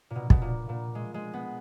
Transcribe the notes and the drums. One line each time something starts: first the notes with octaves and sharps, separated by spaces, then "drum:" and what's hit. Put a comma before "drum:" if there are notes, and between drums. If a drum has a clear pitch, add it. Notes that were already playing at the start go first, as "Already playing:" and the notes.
A#2
B2
B2, drum: kick
A#2
A#2
G#3
G#3
B3